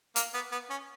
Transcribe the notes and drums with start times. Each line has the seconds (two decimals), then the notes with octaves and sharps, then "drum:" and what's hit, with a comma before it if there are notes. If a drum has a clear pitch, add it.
0.16 A#3, drum: hi-hat
0.34 B3
0.52 B3
0.70 C#4